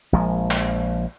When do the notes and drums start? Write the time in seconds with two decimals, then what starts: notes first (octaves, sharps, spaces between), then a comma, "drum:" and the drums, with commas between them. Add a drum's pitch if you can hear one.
0.13 A#1 F3 G#3
0.51 drum: clap